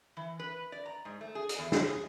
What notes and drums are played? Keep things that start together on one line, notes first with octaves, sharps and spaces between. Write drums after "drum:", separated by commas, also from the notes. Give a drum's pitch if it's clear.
E3
B4
D5
A#5
G#2
A3
G#4
drum: hi-hat
E2
F#2, drum: snare
G#4